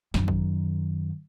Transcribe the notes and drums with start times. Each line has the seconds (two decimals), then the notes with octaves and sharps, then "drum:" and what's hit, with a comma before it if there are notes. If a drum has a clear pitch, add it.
0.14 F#2 D#3, drum: snare
0.28 drum: kick G#1